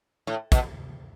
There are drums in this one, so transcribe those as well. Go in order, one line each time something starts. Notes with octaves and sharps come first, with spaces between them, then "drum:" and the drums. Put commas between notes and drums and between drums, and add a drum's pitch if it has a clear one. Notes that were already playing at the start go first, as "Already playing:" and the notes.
A2
B2, drum: kick, hi-hat